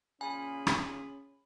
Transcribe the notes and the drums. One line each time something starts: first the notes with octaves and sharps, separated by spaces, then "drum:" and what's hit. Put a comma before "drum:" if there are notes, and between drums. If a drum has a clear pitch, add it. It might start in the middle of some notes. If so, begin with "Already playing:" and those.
A#2 C#3 C#4 G#4 G#5 B5
drum: rim click